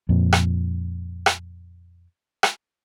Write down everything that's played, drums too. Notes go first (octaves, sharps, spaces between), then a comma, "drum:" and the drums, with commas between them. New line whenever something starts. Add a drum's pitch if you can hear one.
F2 A#2
drum: rim click
drum: rim click
drum: rim click